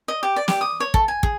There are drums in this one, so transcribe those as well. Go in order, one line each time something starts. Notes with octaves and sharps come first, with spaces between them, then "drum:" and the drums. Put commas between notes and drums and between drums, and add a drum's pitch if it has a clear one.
D#5
G4
D5
G4, drum: snare
D#6
C#5
A4, drum: kick
G#5
G#4, drum: kick